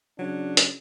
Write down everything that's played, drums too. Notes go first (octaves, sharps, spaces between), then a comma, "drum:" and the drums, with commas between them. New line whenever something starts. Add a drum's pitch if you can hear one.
C#3 F#3 D4
drum: hi-hat